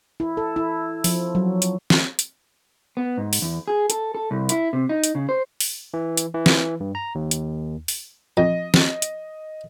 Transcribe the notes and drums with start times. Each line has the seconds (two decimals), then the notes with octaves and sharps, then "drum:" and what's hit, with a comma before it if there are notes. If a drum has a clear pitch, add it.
0.20 E4
0.37 A4
0.56 E4
1.04 F3, drum: open hi-hat
1.35 F#3
1.62 drum: hi-hat
1.90 drum: snare
2.19 drum: hi-hat
2.97 B3
3.17 G#2
3.33 drum: open hi-hat
3.42 E2
3.68 G#4
3.90 A4, drum: hi-hat
4.15 A4
4.31 C2
4.49 E4, drum: hi-hat
4.73 C3
4.89 D#4
5.04 drum: hi-hat
5.15 C#3
5.29 C5
5.60 drum: open hi-hat
5.94 E3
6.17 drum: hi-hat
6.34 E3
6.46 drum: snare
6.80 G2
6.95 A#5
7.15 D#2
7.31 drum: hi-hat
7.88 drum: open hi-hat
8.37 F2 D#5
8.74 drum: snare
9.02 drum: hi-hat